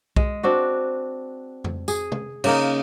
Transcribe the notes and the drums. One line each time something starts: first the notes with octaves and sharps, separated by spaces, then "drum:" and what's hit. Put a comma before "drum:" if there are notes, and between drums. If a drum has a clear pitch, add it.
G#3, drum: kick B1
C4 D4 F#4
drum: tom F2
G#4, drum: tambourine
drum: tom
C#3 A#3 D#4, drum: cymbal